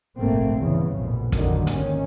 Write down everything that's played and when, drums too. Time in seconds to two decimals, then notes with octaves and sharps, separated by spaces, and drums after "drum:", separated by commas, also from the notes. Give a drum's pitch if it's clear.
0.17 F1 A#1 G#2 A3 A#3 C4
0.57 E2 G2 A#2 C#3
0.96 A#1 F2 G#2 B2
1.32 A#1 F2 D3 D#3 F#3, drum: kick, hi-hat
1.67 G#1 D#2 D#3 C#4, drum: hi-hat